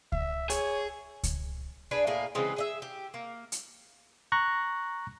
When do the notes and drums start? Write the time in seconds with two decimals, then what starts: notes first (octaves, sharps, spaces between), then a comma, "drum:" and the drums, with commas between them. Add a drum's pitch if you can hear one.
0.12 E5, drum: kick C#2
0.50 G#4 C#5, drum: hi-hat
1.23 drum: kick C#2, hi-hat
1.91 D4 G#4 B4
2.07 A2 A#3 G#4
2.35 C#3 E3 G#3 C4
2.57 G#4 D#5 E5
2.82 G4
3.14 A#3
3.52 drum: hi-hat
4.32 A#5 C#6 F#6 A#6